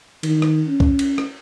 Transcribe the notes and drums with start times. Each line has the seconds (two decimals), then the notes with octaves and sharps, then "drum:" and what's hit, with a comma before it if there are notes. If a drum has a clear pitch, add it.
0.23 D#3, drum: cymbal
0.42 drum: rim click
0.67 C#4
0.80 drum: kick
0.99 drum: cymbal
1.18 drum: rim click